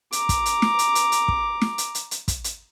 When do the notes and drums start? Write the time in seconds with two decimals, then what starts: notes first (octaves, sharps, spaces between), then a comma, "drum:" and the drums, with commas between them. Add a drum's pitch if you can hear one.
0.12 A#5 D6, drum: hi-hat
0.29 drum: kick, hi-hat
0.46 drum: hi-hat
0.62 drum: snare
0.79 drum: hi-hat
0.95 drum: hi-hat
1.12 drum: hi-hat
1.28 drum: kick
1.61 drum: snare
1.78 drum: hi-hat
1.95 drum: hi-hat
2.11 drum: hi-hat
2.28 drum: kick, hi-hat
2.44 drum: hi-hat